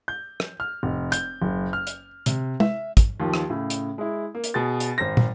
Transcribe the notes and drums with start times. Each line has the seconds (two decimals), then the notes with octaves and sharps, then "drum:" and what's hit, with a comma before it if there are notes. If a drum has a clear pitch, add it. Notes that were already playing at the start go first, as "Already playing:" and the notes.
0.08 G6
0.40 drum: rim click
0.60 F6
0.83 F1
1.12 G6, drum: hi-hat
1.42 F#1
1.73 F6
1.87 drum: hi-hat
2.26 C3, drum: hi-hat
2.60 E5, drum: tom G#3
2.97 drum: kick, hi-hat
3.20 D#2 D#3 F3
3.34 drum: rim click
3.50 A2 C#3
3.70 drum: hi-hat
3.98 G#3 E4
4.35 A#3
4.44 drum: hi-hat
4.54 B2 G#4 A6
4.80 drum: hi-hat
4.98 G#1 C5 A#6
5.17 drum: tom